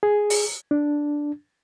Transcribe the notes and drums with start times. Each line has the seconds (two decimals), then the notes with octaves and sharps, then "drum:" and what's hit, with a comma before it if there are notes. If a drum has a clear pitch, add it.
0.03 G#4
0.30 drum: open hi-hat
0.71 D4